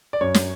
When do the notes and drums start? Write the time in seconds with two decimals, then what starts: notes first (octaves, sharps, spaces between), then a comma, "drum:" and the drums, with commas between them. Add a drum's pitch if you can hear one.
0.13 D5
0.21 F#2 C#5
0.34 drum: snare